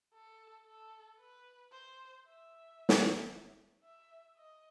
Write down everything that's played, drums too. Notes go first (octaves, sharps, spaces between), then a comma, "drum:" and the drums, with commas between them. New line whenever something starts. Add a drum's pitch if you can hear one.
A4
A4
B4
C5
E5
drum: snare
E5
D#5